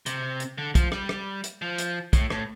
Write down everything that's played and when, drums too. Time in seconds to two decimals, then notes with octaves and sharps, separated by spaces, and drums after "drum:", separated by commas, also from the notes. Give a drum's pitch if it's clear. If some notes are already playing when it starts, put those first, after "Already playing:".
0.06 C3, drum: hi-hat
0.40 drum: hi-hat
0.58 D3
0.75 F3, drum: kick, hi-hat
0.92 G3, drum: rim click
1.09 drum: rim click
1.44 drum: hi-hat
1.62 F3
1.78 drum: hi-hat
2.13 A2, drum: kick, hi-hat
2.30 A2, drum: rim click